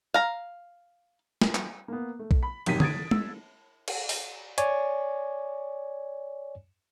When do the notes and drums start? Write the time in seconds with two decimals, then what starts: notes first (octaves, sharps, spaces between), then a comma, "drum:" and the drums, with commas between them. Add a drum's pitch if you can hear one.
0.14 F5 A#5
1.42 drum: snare
1.55 drum: clap
1.88 A#3 B3
2.19 A3
2.31 drum: kick B1
2.43 B5
2.66 G#1 F#2 C3 D#3 B6 D#7, drum: cymbal
2.80 D#6 G#6 A6 D7, drum: tom D3
3.11 E6, drum: tom
3.88 drum: cymbal
4.09 drum: open hi-hat
4.58 C#5 D5 G#5, drum: hi-hat